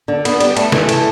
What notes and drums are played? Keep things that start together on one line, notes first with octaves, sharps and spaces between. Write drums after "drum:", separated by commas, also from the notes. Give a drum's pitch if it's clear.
D3
B3, drum: cymbal
G3, drum: cymbal
A3, drum: cymbal
E3, drum: snare
A3, drum: cymbal